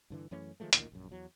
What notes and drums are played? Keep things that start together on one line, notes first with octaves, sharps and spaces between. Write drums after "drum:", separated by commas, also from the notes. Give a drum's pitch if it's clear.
G2 D3 E3
F#2 E3 A3 C#4
D#3 F3 G#3 A3
A1 D2 A#2 D#3, drum: hi-hat
A#1 F#2
E2 F#3